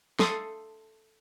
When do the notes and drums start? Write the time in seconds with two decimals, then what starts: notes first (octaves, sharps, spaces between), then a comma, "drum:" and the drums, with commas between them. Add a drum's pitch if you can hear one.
0.19 A4 C6 D#6, drum: snare